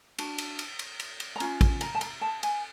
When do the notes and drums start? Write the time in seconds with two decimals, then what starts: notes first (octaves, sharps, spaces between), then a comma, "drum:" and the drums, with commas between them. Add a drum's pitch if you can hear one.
0.19 D4 F#4, drum: cymbal
0.38 drum: cymbal
0.59 drum: cymbal
0.79 drum: cymbal
1.00 drum: cymbal
1.20 drum: cymbal
1.36 A#5
1.40 C#4 F4, drum: cymbal
1.61 drum: kick A1, cymbal
1.81 A#5, drum: cymbal
1.95 A5
2.01 A#5, drum: cymbal
2.21 A5
2.43 G#5, drum: cymbal